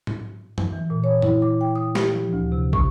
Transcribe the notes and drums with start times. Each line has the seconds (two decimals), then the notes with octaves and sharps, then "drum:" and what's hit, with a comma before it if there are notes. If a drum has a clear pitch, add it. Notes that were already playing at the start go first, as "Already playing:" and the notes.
0.07 drum: tom G#2
0.58 drum: tom F#2
0.72 E3
0.90 A#2
1.04 C#5
1.22 E4, drum: tom F#2
1.42 D6
1.61 G5
1.76 D#6
1.95 G4, drum: snare A3
2.14 F3
2.33 D2
2.52 C3
2.73 C#6, drum: kick